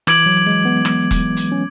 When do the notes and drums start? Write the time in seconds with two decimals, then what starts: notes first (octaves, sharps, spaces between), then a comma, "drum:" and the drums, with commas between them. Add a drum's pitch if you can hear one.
0.07 E3 D6 G#6 D7 F#7, drum: rim click
0.26 F#3
0.47 G#3
0.65 B3
0.85 drum: rim click
1.11 drum: kick E1, hi-hat
1.37 drum: hi-hat
1.52 C#4